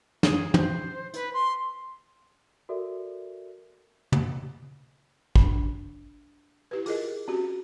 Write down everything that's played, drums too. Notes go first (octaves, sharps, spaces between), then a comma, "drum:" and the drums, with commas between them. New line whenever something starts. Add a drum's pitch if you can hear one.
G#4, drum: snare
C5, drum: tom
B4, drum: hi-hat
C6
F#4 A4 A#4 D5 E5
drum: tom
D4, drum: kick
E4 G4 B4
F4 G#4 A#4 D#5, drum: open hi-hat
C4 C#4 F#4 G4